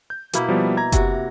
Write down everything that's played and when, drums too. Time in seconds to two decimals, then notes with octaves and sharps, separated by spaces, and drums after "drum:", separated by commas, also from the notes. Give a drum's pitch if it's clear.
0.10 G6
0.33 B2 A#3 E4, drum: hi-hat
0.49 F3 G3 B3
0.77 A#5 G#6
0.92 C3 F#4, drum: kick F#1, hi-hat